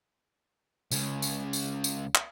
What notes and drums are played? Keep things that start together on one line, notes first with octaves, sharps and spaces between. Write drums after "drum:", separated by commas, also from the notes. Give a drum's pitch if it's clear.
C#2 C#3, drum: tambourine
drum: tambourine
drum: tambourine
drum: tambourine
drum: clap